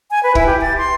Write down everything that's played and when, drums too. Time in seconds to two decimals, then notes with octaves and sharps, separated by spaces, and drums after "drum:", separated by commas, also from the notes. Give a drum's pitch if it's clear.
0.11 G#5
0.23 B4
0.35 E4, drum: kick
0.46 G4
0.62 A6
0.78 C6